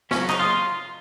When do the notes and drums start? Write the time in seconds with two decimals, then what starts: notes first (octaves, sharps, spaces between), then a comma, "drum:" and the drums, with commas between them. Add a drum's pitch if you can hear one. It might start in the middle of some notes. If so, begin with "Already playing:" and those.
0.11 F#2 C#3 F#3 C#4, drum: snare
0.29 D#4, drum: clap
0.40 F4